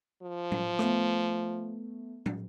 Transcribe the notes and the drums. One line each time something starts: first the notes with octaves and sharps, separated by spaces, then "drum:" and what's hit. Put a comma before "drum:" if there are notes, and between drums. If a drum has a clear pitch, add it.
F3
drum: tom
A3 B3, drum: rim click
drum: tom